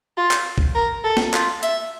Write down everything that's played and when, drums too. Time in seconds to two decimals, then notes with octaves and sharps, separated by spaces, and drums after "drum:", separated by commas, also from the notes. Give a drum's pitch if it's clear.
0.18 F4
0.31 drum: clap
0.58 drum: kick C2
0.75 A#4
1.04 A4
1.17 drum: snare
1.34 F4, drum: clap
1.63 E5, drum: hi-hat